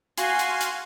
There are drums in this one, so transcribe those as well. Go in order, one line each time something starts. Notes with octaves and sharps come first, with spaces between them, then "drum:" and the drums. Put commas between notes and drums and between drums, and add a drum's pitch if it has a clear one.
F#4 F5 G#5 C6, drum: hi-hat
drum: hi-hat
drum: hi-hat